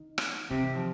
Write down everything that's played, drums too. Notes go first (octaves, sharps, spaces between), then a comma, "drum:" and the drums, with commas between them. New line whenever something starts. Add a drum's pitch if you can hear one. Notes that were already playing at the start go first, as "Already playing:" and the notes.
Already playing: D#3
drum: rim click
C3 F3
D#3
F3